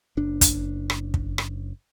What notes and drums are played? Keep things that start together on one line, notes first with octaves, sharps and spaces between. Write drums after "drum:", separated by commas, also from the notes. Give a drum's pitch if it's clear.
F#1 D4
drum: kick, hi-hat
drum: rim click
drum: kick
drum: rim click